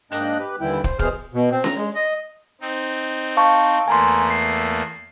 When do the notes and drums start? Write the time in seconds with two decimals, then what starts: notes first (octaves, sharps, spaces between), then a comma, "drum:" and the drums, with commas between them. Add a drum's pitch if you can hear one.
0.12 G#2 A#3 D4 D#5 G5 F#6, drum: hi-hat
0.39 G4 B4
0.61 D#2 D3 E3 G3 E4 G5
0.84 C5, drum: kick
0.99 B2 E3 G#4 C5 F6, drum: kick
1.34 B2
1.52 C4
1.64 A#5, drum: snare C#4
1.76 G#3
1.95 D#5
2.61 C4 D#4
3.37 F5 A5 C#6
3.88 E2 A3 A#3 G#5 A#5 C6
4.30 C7